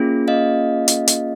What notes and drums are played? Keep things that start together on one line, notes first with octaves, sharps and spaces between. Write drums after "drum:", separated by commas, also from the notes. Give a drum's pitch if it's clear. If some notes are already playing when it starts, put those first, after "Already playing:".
Already playing: A#3 C#4 F4 G#4
D#5 F5
drum: hi-hat
drum: hi-hat